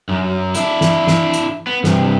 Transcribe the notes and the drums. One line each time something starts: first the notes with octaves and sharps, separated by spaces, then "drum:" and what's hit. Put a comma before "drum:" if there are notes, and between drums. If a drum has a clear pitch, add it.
F#2
D4 E4, drum: hi-hat
drum: snare
drum: snare
drum: hi-hat
B3
C2 G2, drum: snare